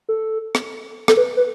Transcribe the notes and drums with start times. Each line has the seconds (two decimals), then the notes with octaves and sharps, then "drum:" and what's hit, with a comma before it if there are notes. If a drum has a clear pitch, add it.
0.09 A4
0.55 drum: rim click
1.08 A4, drum: rim click
1.17 B4
1.37 B4